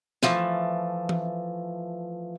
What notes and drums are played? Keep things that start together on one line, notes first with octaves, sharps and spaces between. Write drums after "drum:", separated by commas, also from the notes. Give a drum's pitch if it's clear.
E3 F3 A3, drum: snare
drum: tom E3